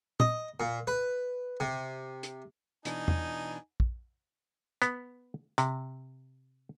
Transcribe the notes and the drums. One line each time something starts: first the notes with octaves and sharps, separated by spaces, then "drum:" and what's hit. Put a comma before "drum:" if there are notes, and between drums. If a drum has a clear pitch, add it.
D#5, drum: tom
A#2
B4
C3
drum: hi-hat
B2 E3 D4 D#4 G#5, drum: hi-hat
drum: tom
drum: kick
B3, drum: hi-hat
C3, drum: hi-hat